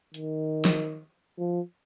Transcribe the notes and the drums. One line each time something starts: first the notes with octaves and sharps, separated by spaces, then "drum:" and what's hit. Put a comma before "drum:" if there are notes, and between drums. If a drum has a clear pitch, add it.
D#3, drum: hi-hat
drum: snare
F3